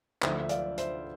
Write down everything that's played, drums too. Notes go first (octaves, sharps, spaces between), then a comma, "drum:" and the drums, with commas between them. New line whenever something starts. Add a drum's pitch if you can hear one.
D2 D3 F3 C5 E5, drum: clap
E5
D5 F5, drum: hi-hat
C5 E5, drum: hi-hat